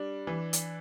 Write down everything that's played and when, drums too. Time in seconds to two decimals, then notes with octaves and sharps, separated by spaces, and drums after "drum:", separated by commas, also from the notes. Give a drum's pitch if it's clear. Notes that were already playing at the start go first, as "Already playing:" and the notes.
Already playing: G3 D4
0.27 E3
0.53 drum: hi-hat